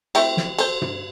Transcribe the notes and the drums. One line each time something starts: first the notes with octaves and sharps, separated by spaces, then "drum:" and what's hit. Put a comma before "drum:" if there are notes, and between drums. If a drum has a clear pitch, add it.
A3 C4 E4, drum: cymbal
drum: snare
A4 C5, drum: cymbal
drum: tom